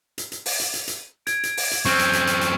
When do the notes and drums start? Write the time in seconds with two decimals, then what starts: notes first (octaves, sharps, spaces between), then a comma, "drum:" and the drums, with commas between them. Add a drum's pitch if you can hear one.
0.18 drum: hi-hat
0.32 drum: hi-hat
0.46 drum: open hi-hat
0.60 drum: hi-hat
0.74 drum: hi-hat
0.88 drum: hi-hat
1.27 G#6 D7, drum: hi-hat
1.43 drum: hi-hat
1.57 drum: open hi-hat
1.71 drum: hi-hat
1.85 F#2 C4 C#6 F6 G6, drum: hi-hat
1.99 drum: hi-hat
2.13 drum: hi-hat
2.27 drum: hi-hat
2.41 drum: hi-hat